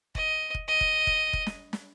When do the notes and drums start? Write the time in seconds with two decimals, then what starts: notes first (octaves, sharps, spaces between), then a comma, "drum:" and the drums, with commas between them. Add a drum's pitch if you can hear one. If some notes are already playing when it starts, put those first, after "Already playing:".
0.15 D#5, drum: kick
0.55 drum: kick
0.68 D#5
0.81 drum: kick
1.07 drum: kick
1.33 drum: kick
1.47 drum: snare
1.73 drum: snare